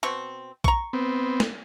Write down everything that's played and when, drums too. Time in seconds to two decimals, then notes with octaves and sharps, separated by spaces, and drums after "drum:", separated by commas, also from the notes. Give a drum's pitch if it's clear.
0.03 B2 C4 C#6
0.64 A#5 C#6, drum: kick A#1
0.93 B3 C4
1.40 drum: snare